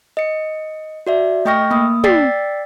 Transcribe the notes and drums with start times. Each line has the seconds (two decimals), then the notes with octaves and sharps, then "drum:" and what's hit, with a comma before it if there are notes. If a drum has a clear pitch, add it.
0.17 D#5 C#7
1.07 F#4 D5 E5
1.45 A3 D#5 G5 C#6 F6 A#6
1.71 A#3 D#6
2.04 D5 G5 E6 A6 B6 C7, drum: tom